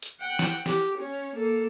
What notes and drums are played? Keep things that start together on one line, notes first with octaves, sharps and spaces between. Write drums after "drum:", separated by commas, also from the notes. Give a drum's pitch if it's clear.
drum: hi-hat
F#5 G5
drum: snare
G4, drum: snare
C#4
A#3 A4